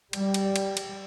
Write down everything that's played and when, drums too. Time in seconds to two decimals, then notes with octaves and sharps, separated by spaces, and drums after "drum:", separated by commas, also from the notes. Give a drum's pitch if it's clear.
0.13 G3, drum: cymbal
0.34 drum: cymbal
0.56 drum: cymbal
0.77 drum: cymbal